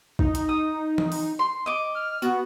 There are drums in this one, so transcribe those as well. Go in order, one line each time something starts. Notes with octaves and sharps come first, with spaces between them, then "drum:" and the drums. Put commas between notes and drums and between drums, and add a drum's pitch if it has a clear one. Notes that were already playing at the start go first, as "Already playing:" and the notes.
D#4, drum: kick A1
drum: hi-hat
D#6
drum: tom E3
drum: open hi-hat
C6
D#5 D6
F6
B3 F#4, drum: tambourine